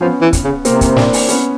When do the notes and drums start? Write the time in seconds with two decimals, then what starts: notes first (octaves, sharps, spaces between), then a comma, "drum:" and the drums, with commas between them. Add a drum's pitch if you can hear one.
0.01 F3 B3 C#4
0.22 E3
0.33 drum: kick, hi-hat
0.44 C#3
0.65 C3 A#3 C4, drum: hi-hat
0.81 drum: kick, hi-hat
0.96 C4 D4, drum: snare
1.13 drum: open hi-hat
1.29 B3 C#4, drum: hi-hat